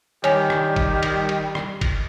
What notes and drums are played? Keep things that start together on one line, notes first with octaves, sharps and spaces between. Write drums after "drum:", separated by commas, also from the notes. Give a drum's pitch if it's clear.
D#3 G3 G4 C#5 G#5, drum: cymbal
drum: rim click
drum: kick G1, cymbal
drum: cymbal
drum: cymbal
drum: rim click
drum: kick G1, cymbal